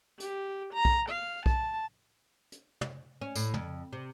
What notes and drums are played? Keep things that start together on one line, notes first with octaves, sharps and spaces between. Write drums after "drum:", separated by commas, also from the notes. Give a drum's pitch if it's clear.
G4, drum: hi-hat
A#5
drum: kick B1
F5
A5, drum: kick B1
drum: hi-hat
drum: tom
C#4
A2, drum: tambourine
F2, drum: tom
C3